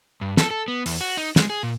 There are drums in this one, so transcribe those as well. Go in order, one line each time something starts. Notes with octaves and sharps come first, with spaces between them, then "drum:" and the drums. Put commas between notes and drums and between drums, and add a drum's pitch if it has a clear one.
G2
A4, drum: snare
A4
B3
E2, drum: open hi-hat
F#4
D#4
G#3, drum: snare
G#4
A#2